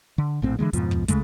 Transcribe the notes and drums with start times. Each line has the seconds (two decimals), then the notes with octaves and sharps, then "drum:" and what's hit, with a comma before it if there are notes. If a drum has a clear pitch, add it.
0.18 D3
0.42 A#1 A2 C4
0.59 D3 E3 G3 G#3
0.73 F2 G#2 B2 F3, drum: hi-hat
0.91 drum: kick
1.08 C#3 G#3 A3, drum: kick, hi-hat